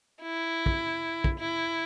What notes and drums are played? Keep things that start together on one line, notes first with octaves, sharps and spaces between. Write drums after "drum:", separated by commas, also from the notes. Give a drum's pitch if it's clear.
E4
drum: kick
drum: kick
E4